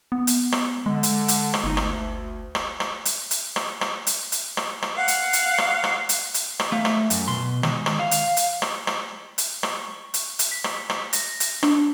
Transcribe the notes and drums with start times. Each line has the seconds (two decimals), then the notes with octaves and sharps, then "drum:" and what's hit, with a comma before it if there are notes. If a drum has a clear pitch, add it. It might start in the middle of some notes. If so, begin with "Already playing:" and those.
0.12 B3
0.27 drum: hi-hat
0.52 drum: rim click
0.86 D3 G#3
1.03 drum: hi-hat
1.28 drum: hi-hat
1.54 drum: rim click
1.64 G1 D#4
1.77 D2, drum: rim click
2.55 drum: rim click
2.80 drum: rim click
3.05 drum: hi-hat
3.31 drum: hi-hat
3.56 drum: rim click
3.81 drum: rim click
4.07 drum: hi-hat
4.32 drum: hi-hat
4.57 drum: rim click
4.82 drum: rim click
4.97 F5 F#5
5.08 drum: hi-hat
5.33 drum: hi-hat
5.58 drum: rim click
5.84 drum: rim click
6.09 drum: hi-hat
6.34 drum: hi-hat
6.60 drum: rim click
6.72 A3 F5
6.85 drum: rim click
7.10 F#2, drum: hi-hat
7.28 B2 C6
7.63 D#3 G#3, drum: rim click
7.86 drum: rim click
7.99 F5
8.11 drum: hi-hat
8.37 drum: hi-hat
8.62 drum: rim click
8.87 drum: rim click
9.38 drum: hi-hat
9.63 drum: rim click
9.81 C#6
10.14 drum: hi-hat
10.39 drum: hi-hat
10.51 B6
10.64 drum: rim click
10.90 drum: rim click
11.13 A#6, drum: hi-hat
11.40 drum: hi-hat
11.63 D4, drum: rim click